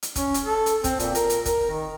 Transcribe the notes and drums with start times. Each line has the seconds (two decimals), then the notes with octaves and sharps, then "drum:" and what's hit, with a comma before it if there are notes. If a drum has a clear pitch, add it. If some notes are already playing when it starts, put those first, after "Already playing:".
0.03 drum: hi-hat
0.16 C#4, drum: kick, hi-hat
0.34 drum: hi-hat
0.45 A4
0.66 drum: hi-hat
0.84 C4, drum: kick, hi-hat
1.00 A#2, drum: hi-hat
1.15 A#4, drum: hi-hat
1.30 drum: hi-hat
1.45 A#4, drum: kick, hi-hat
1.70 D#3